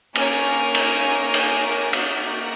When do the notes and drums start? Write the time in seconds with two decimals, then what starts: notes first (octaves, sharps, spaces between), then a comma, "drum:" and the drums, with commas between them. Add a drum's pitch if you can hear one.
0.15 A#3 C#4 A#4 C#5 G#5, drum: cymbal
0.75 drum: cymbal
1.34 drum: cymbal
1.93 A#3 F#4 A#4 F#5, drum: cymbal